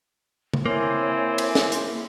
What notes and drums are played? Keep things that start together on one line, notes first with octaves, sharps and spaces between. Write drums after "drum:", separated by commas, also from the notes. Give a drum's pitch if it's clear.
drum: tom C#3
A#3 C4 E4 C#5 G#5
drum: cymbal
drum: snare
drum: hi-hat